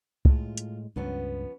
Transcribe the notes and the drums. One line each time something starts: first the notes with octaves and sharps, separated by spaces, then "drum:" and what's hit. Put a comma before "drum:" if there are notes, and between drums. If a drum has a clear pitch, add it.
A2 G#3 F4, drum: kick C2
drum: hi-hat
C#2 G2 F3 B3 C#4